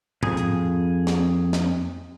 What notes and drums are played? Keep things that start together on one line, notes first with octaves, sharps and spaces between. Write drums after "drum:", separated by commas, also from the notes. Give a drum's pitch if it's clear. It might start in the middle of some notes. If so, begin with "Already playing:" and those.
F2 G#4, drum: tom G#2
drum: hi-hat
drum: snare
drum: snare